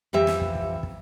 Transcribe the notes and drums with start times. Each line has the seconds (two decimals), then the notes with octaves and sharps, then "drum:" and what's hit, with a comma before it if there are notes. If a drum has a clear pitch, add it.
0.13 F2 E3 G4 E5
0.27 drum: snare
0.41 drum: kick
0.55 drum: kick
0.83 drum: kick